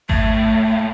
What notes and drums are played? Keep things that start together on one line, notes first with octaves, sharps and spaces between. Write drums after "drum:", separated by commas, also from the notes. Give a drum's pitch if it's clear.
A2 A3, drum: kick G#1